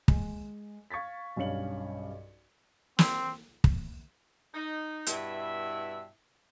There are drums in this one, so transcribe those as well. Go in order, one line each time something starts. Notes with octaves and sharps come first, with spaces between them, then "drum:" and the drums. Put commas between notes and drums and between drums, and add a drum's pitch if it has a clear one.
G#3, drum: kick
F5 C#6 G#6 A6 B6
B1 G2 C#4 F5 C#7 F#7
C4, drum: snare
drum: kick
D#4
G2 B2 E4 E5, drum: hi-hat